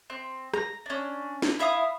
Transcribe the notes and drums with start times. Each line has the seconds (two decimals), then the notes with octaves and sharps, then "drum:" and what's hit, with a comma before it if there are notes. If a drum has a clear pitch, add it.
0.10 C4
0.54 A#5, drum: rim click
0.86 C#4 D4
1.42 drum: snare
1.59 E4 E5 F5 D#6